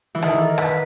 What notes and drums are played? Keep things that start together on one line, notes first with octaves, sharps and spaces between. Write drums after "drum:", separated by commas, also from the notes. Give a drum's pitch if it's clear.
E3
D#3 G4, drum: rim click
G#4
A4
A#4
B4, drum: rim click